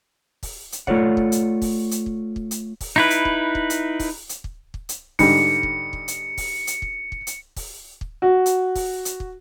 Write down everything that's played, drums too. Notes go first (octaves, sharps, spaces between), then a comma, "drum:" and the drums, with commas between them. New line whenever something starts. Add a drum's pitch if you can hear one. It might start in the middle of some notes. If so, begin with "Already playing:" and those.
drum: kick, open hi-hat
drum: hi-hat
A3 F4 A4 C#5 D5 F#5, drum: kick
drum: kick
drum: hi-hat
drum: kick, open hi-hat
drum: hi-hat
drum: kick
drum: kick
drum: hi-hat
drum: kick, open hi-hat
D#4 E4 B4
drum: hi-hat
drum: kick
drum: kick
drum: hi-hat
drum: kick, open hi-hat
drum: hi-hat
drum: kick
drum: kick
drum: hi-hat
G#2 D3 G3 C#7, drum: kick, open hi-hat
drum: kick
drum: kick
drum: hi-hat
drum: kick, open hi-hat
drum: hi-hat
drum: kick
drum: kick
drum: hi-hat
drum: kick, open hi-hat
drum: kick
F#4
drum: hi-hat
drum: kick, open hi-hat
drum: hi-hat
drum: kick